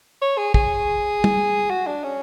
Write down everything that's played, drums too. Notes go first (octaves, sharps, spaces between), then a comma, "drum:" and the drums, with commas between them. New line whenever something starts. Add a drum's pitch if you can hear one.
C#5
G#4
G#4, drum: kick
drum: tom
F#4
D4
C#4